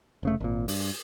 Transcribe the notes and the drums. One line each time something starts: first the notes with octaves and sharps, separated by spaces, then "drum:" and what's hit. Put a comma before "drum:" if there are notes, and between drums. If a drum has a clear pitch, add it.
F1 C#3 A3
G#1 A#2
G2, drum: open hi-hat